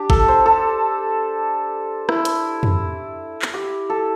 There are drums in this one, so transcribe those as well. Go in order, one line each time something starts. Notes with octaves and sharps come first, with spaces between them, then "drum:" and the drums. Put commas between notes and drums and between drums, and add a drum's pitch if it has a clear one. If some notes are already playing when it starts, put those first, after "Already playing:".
Already playing: D4 G4
A4, drum: kick
C5
A4
E4, drum: rim click
drum: hi-hat
drum: tom
drum: clap
G4
A4